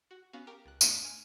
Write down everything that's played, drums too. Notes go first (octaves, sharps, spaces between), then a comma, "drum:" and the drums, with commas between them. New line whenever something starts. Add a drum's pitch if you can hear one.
F#4
B3 C#4 F#4 F5
G4 A#4 D7
C#2 F#6
A3 B3 D4 E5, drum: tambourine
G#5 F6 D#7